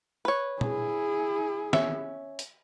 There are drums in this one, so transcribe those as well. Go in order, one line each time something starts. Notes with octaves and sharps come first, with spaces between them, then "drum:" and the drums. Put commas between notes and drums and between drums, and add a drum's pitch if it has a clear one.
B4 C#5
E4 G#4, drum: tom
C#4 E5, drum: snare
drum: hi-hat